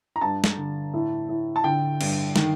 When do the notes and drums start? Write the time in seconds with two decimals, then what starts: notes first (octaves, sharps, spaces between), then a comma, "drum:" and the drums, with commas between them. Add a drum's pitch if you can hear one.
0.16 A#5
0.21 G2 A5
0.44 drum: snare
0.57 D3
0.94 A2
1.29 A2
1.56 A5
1.64 D3 G5
2.01 G2, drum: cymbal
2.36 D#3, drum: snare